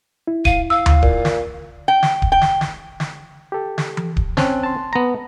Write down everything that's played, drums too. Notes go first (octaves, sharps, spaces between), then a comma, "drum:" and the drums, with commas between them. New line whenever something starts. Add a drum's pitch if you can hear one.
E4
F5 D#7, drum: kick D1
F5 E6
drum: tom D2
A#2, drum: kick D1
drum: snare
G5
drum: snare
drum: kick D1
G5
drum: snare
drum: snare
drum: snare
G4 A4
drum: snare
drum: tom E3
drum: kick D1
C4 C#4 A5 F#6, drum: snare
A5 C6
B3 A#5